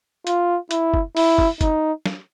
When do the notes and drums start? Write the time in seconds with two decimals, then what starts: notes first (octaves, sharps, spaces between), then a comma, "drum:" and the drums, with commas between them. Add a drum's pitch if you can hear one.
0.27 F4, drum: hi-hat
0.71 E4, drum: hi-hat
0.94 drum: kick
1.17 E4, drum: open hi-hat
1.38 drum: kick
1.61 D#4, drum: kick, hi-hat
2.06 drum: snare